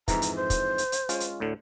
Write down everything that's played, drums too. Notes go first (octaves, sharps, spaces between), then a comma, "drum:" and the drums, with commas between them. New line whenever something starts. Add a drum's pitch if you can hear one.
F2 G#2 E3 A#5, drum: kick, hi-hat
drum: hi-hat
C5
drum: kick, hi-hat
drum: hi-hat
drum: hi-hat
G#3 C#4 F4, drum: hi-hat
drum: hi-hat
D2 A2 D3